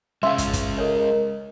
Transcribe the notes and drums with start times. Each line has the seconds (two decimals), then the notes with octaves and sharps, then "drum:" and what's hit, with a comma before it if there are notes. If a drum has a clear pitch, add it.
0.23 G#3 C#4 E5 F5 C6
0.38 drum: kick, hi-hat
0.53 drum: kick, hi-hat
0.78 A4 A#4 C#5 D#5